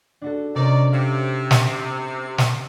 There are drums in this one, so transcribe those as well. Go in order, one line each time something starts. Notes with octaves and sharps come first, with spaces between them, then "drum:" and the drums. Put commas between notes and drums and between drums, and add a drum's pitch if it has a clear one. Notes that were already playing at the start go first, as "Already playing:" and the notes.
D4 F#4 A4
C3 D#3 C#4 D5
C3 F5
drum: snare
D#6 A6 C#7
drum: snare